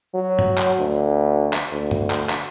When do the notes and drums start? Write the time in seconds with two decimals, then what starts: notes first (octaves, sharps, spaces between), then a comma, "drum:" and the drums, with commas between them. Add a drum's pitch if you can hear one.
0.14 F#3
0.39 drum: tom G2
0.58 drum: clap
0.80 D2
1.53 drum: clap
1.72 D2
1.91 drum: tom G2
2.10 drum: clap
2.29 drum: clap